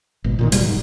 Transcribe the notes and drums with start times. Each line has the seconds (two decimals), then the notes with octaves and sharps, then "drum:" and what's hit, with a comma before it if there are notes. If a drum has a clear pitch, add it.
0.24 G#1 B2
0.39 A#2 D3 D#3
0.52 E1 B2 G3, drum: hi-hat
0.65 G#2